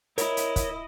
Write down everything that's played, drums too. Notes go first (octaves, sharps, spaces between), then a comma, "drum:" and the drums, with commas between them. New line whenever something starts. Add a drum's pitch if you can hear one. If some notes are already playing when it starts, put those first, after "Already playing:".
E4 A#4 C#5 D#5, drum: hi-hat
drum: hi-hat
drum: kick, hi-hat